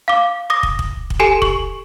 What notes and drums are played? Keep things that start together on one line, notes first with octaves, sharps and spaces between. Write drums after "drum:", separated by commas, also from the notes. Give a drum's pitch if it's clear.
F5 D6
D6 D#6 A#6
drum: kick
drum: kick
drum: kick
G4 A4 G#5 C7
C#6, drum: kick